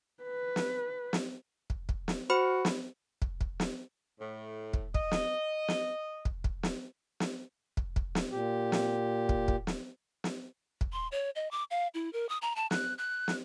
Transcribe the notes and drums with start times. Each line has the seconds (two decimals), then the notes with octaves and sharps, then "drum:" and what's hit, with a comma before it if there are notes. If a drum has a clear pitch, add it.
0.23 B4
0.56 drum: snare
1.13 drum: snare
1.70 drum: kick
1.89 drum: kick
2.08 drum: snare
2.30 F#4 C5 B5
2.65 drum: snare
3.22 drum: kick
3.41 drum: kick
3.60 drum: snare
4.20 A2
4.73 drum: kick
4.94 D#5, drum: kick
5.11 drum: snare
5.68 drum: snare
6.25 drum: kick
6.44 drum: kick
6.63 drum: snare
7.20 drum: snare
7.77 drum: kick
7.96 drum: kick
8.15 drum: snare
8.32 A#2 G4
8.72 drum: snare
9.29 drum: kick
9.48 drum: kick
9.67 drum: snare
10.24 drum: snare
10.81 drum: kick
10.93 C6
11.12 C#5
11.36 D#5
11.51 D6
11.71 F5
11.94 E4
12.13 A#4
12.29 D#6
12.42 A#5
12.56 A5
12.71 F#6, drum: snare
12.98 F#6
13.28 drum: snare